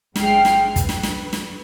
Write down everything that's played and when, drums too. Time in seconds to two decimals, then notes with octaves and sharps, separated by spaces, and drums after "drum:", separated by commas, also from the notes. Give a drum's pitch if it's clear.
0.16 A1 G#2 G#3 G5 F6 C7, drum: snare
0.45 drum: snare
0.76 B4, drum: kick, hi-hat
0.89 drum: snare
1.03 drum: snare
1.33 drum: snare